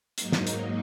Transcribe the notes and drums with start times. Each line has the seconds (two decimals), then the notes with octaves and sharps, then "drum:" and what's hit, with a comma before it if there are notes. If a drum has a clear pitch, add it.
0.18 G#2 F#3 A#3 D#4, drum: hi-hat
0.32 drum: snare
0.47 drum: hi-hat